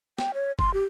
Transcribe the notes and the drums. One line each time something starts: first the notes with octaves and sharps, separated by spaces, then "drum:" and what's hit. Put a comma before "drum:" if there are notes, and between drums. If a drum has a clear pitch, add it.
G5, drum: snare
C#5
C6, drum: kick F#1
G4